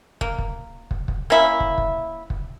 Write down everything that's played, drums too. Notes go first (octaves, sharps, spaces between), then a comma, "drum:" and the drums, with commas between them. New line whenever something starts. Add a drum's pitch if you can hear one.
A#3, drum: kick
drum: kick
drum: kick
drum: kick
A#3 C#4 E4 E5
drum: kick
drum: kick
drum: kick